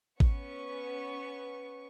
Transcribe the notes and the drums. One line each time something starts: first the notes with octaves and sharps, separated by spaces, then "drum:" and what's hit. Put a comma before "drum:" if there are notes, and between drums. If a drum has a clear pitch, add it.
B3 C#4 C#6, drum: kick G#1